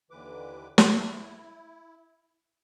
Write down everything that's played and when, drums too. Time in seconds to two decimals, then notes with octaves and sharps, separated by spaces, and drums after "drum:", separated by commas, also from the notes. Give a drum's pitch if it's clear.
0.11 D#2 D3 E3 B4 D6
0.78 E4, drum: snare